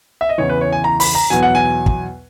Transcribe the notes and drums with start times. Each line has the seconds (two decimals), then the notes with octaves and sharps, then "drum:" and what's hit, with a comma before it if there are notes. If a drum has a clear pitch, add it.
0.21 E5
0.29 D#5
0.38 E2 C#3 E3 C#5
0.49 B4
0.61 C#5
0.72 G#5
0.84 A#5
1.00 B5, drum: open hi-hat
1.15 A#5
1.30 E2 B2 F#3 G#5
1.43 F#5
1.55 G#5
1.86 drum: kick